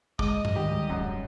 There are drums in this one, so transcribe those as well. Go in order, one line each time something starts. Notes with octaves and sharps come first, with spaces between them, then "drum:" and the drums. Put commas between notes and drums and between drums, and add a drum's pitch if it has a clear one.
G#3 D#5 D6, drum: kick
drum: tom G2
D2 G#2 D#3 G3 G4
D1 F#2